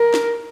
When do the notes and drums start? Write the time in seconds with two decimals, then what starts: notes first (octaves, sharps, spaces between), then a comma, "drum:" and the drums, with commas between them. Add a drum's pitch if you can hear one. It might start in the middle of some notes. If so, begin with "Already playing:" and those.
Already playing: A#4
0.14 drum: snare